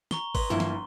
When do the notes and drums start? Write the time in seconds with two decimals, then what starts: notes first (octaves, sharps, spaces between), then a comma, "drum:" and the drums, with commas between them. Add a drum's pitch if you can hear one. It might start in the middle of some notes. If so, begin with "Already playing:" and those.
0.11 A#5 C#6 G7, drum: snare
0.35 B4 C#5 D#5 C6, drum: kick G#1, open hi-hat
0.50 G1 E3 F3 A#3 E4
0.60 drum: snare